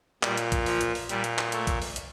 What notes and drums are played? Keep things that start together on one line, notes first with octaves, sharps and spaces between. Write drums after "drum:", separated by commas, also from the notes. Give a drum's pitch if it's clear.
A#2 G3, drum: clap
drum: hi-hat
drum: kick A#1, hi-hat
F3, drum: open hi-hat
drum: hi-hat
drum: open hi-hat
A#2 G3, drum: hi-hat
drum: hi-hat
drum: clap
A3, drum: hi-hat
drum: kick A#1, hi-hat
drum: open hi-hat
drum: hi-hat